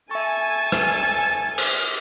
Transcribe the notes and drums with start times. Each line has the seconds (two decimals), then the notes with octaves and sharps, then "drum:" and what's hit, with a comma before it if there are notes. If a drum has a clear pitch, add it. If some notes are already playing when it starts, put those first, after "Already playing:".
0.11 A4 E5 G#5 C#6
0.72 drum: rim click
1.58 drum: cymbal